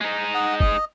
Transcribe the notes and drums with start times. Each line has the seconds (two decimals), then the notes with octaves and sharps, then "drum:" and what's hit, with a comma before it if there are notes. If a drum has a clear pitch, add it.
0.01 G#3 D#4
0.34 D#5 F#5
0.60 D#5, drum: kick